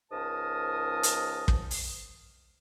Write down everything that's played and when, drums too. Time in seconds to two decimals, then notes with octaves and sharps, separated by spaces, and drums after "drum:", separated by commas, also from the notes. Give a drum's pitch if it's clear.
0.12 C#2 G#2 A#4 A5 D#6
1.03 drum: hi-hat
1.48 drum: kick
1.71 drum: open hi-hat